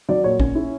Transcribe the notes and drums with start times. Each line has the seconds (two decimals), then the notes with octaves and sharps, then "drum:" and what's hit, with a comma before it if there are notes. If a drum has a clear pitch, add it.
0.09 F#3 D5
0.24 A#2 C#5
0.40 C#4, drum: kick
0.55 E4